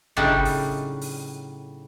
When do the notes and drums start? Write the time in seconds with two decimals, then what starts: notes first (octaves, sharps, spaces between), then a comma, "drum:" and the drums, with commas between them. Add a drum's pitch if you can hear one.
0.17 A2 C#3 F#3 G3 D4 D#4, drum: tom
0.45 drum: open hi-hat
1.02 drum: open hi-hat